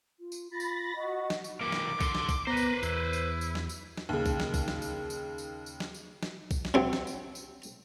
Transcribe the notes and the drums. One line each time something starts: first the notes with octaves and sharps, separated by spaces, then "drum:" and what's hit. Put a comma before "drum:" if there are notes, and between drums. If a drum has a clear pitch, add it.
F4
drum: tambourine
F4 B5 A6 A#6
drum: tambourine
F#4 D#5
drum: snare
drum: tambourine
E3 A#3 D6
drum: snare
D3 C6, drum: kick B1, tambourine
drum: snare
drum: kick B1, tambourine
B3 B4 C5 A#5
drum: tambourine
E2 E4, drum: tambourine
drum: tambourine
drum: tambourine
drum: snare
drum: tambourine
drum: snare
D#2 C#3
drum: kick B1, tambourine
drum: snare
drum: kick B1, tambourine
drum: snare
drum: tambourine
drum: tambourine
drum: tambourine
drum: tambourine
drum: snare
drum: tambourine
drum: snare
drum: kick B1, tambourine
drum: snare
C3 F#3 C4
drum: snare
drum: tambourine
drum: tambourine
drum: tambourine